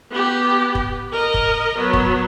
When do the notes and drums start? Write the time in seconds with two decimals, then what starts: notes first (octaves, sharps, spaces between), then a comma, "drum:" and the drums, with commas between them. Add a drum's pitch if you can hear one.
0.11 B3 G4
0.75 drum: kick
1.12 A#4 D#5
1.34 drum: kick
1.79 F#3 B3
1.93 drum: kick